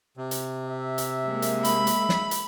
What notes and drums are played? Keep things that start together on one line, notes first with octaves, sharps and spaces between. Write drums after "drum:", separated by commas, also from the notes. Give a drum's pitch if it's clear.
C3
drum: hi-hat
E5
drum: hi-hat
G#3 A#3
drum: hi-hat
B5, drum: hi-hat
drum: hi-hat
drum: snare
drum: hi-hat